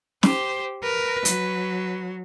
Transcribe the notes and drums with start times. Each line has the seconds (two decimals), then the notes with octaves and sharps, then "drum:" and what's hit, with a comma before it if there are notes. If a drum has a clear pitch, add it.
0.23 G4 C5, drum: snare
0.83 A#4 B4
1.25 F#3, drum: hi-hat